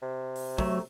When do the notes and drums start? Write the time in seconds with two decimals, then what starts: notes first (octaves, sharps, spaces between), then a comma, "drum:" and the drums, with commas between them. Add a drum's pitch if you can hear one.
0.02 C3
0.36 drum: open hi-hat
0.58 F#3 A3, drum: kick